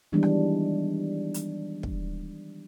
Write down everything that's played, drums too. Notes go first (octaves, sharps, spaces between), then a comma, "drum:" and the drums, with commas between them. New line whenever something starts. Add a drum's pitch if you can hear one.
D#3 E3 G3 G#3 B3 D4
drum: rim click
drum: hi-hat
drum: kick